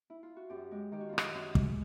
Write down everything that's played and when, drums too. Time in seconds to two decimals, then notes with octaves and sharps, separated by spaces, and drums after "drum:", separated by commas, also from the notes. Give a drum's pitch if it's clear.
0.10 E4
0.23 F4
0.36 F#4
0.49 F#2 G4
0.71 G#3 G4
0.92 D#3 G4
1.00 F#4
1.09 F#2 F4
1.18 F#4, drum: rim click
1.34 F#2
1.55 G#3, drum: kick